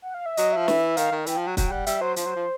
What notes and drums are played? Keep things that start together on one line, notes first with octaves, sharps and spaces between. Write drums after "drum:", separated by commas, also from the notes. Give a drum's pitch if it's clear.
F#5
F5
E5
F#3 D#5, drum: hi-hat
F3 E5
E3, drum: snare
D#3 F5, drum: hi-hat
D#3
E3 G5, drum: hi-hat
F3
F#3 G5
F#3 G5, drum: kick, hi-hat
G3 F#5
G3 E5, drum: hi-hat
F#3 C5
F3 C5, drum: hi-hat
F#3
F3